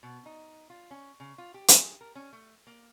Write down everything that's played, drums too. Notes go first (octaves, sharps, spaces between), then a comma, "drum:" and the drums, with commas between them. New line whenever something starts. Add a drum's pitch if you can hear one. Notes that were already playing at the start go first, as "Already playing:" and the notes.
B2
D#4
F4
C#4
C#3
F4
G4
G#4, drum: hi-hat
A#4
C#4
A3
A#3